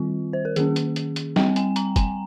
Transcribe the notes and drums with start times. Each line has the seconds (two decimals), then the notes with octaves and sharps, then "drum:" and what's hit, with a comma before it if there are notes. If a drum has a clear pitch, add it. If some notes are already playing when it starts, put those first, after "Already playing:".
Already playing: D#3 G3 C4 F4
0.33 C5
0.45 A#4
0.56 D#3 A#3 C#4 G#4, drum: hi-hat
0.76 drum: hi-hat
0.96 drum: hi-hat
1.16 drum: hi-hat
1.36 G3 C4 G5, drum: snare
1.56 G#5, drum: hi-hat
1.76 A#5, drum: hi-hat
1.96 G#5, drum: kick, hi-hat